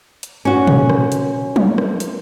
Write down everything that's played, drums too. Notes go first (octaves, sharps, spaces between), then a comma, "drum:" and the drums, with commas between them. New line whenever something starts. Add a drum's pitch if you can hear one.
drum: hi-hat
C#4 F#4
drum: tom
drum: rim click
drum: hi-hat
drum: tom
drum: rim click
drum: hi-hat